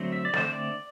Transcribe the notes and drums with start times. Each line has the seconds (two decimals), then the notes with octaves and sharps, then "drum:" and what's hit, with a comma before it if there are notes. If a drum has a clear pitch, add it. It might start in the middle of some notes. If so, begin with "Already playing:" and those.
Already playing: D3 F#3 A3 C4
0.12 E5
0.25 D5
0.34 D3 A3 C4 C5, drum: snare
0.50 D5